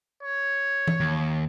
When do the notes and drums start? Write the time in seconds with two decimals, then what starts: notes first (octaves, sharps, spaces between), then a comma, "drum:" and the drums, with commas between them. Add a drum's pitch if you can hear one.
0.23 C#5
0.87 drum: tom E3
1.00 D#2